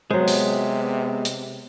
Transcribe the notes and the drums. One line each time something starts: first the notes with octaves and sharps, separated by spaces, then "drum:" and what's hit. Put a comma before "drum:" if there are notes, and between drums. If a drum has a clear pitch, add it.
C3 F#3 G#3 B3 C5
drum: open hi-hat
drum: hi-hat